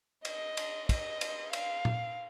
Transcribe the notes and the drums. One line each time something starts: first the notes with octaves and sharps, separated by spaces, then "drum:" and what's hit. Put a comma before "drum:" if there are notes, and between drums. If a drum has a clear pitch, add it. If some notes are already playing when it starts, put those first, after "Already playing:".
D#5, drum: cymbal
drum: cymbal
D#5, drum: kick, cymbal
drum: cymbal
F5, drum: cymbal
drum: tom A#2